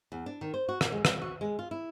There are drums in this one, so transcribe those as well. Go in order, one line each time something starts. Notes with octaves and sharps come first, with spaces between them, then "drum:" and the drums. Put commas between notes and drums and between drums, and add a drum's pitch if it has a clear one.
E2
D4
D#3
C5
F#4
A#2, drum: rim click
G#3
G3, drum: rim click
F#4
G#3
F4
E4